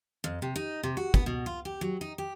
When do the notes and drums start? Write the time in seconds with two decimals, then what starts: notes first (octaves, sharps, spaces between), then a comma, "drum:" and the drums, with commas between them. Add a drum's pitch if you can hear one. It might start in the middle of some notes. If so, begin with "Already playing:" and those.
0.24 F2
0.42 C3
0.56 D#4
0.83 C3
0.97 F#4
1.14 B3, drum: kick
1.26 B2
1.46 F4
1.65 G4
1.81 F#3
2.01 D#4
2.18 G4